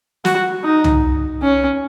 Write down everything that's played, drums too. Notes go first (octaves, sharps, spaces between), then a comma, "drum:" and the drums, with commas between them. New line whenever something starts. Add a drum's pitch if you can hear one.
F#4, drum: snare
D#4
drum: tom C2
C#4